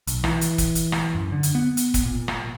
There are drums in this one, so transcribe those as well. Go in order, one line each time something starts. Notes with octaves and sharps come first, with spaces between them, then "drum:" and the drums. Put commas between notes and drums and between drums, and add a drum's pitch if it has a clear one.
B1, drum: hi-hat
E3, drum: rim click
drum: hi-hat
drum: kick, hi-hat
drum: hi-hat
drum: rim click
F#2
D3
drum: hi-hat
B3
drum: hi-hat
drum: kick, hi-hat
A#2
drum: rim click